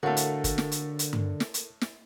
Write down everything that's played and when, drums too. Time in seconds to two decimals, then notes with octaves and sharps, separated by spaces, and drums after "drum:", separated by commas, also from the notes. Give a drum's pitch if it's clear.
0.03 A2 D3 A3 F#4 A4 A#4 F5
0.17 drum: hi-hat
0.44 drum: kick, hi-hat
0.58 drum: snare
0.72 drum: hi-hat
0.99 drum: hi-hat
1.13 drum: tom G2
1.40 drum: snare
1.54 drum: hi-hat
1.81 drum: snare